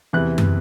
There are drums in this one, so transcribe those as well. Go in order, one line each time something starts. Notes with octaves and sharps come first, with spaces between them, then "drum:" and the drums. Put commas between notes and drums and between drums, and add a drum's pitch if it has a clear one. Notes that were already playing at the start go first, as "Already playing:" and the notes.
E2 C3 E3 F#6
drum: tom